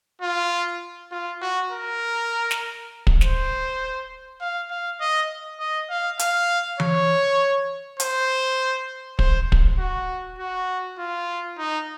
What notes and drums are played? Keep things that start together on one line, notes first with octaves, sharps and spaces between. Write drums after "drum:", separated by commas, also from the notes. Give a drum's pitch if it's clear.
F4
F4
F#4
A#4
drum: snare
drum: kick
C5, drum: snare
F5
F5
D#5
D#5
F5
F5, drum: hi-hat
C#5, drum: tom E3
C5, drum: hi-hat
C5, drum: kick
drum: kick
F#4
F#4
F4
D#4